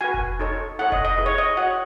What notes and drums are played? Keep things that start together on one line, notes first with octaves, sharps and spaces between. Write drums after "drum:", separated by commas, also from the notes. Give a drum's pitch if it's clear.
F#4 B4 G#5
drum: kick F1
D#4 A4 C#5
E4 A4 C#5 F#5
D#5, drum: kick F1
D#5
E4 G#4 B4
C#5
D#5
F#4 C#5 F#5